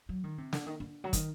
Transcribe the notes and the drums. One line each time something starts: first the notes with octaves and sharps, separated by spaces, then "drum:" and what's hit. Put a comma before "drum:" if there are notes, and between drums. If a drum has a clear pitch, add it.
F#3
D#3
C3
D3, drum: snare
D#3
D3
F#3
D#3, drum: kick, hi-hat